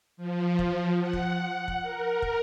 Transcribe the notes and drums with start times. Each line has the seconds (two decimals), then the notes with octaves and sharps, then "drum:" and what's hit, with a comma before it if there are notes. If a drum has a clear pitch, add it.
0.17 F3
0.59 drum: kick
1.00 F#5
1.13 drum: kick
1.68 drum: kick
1.82 A#4
2.22 drum: kick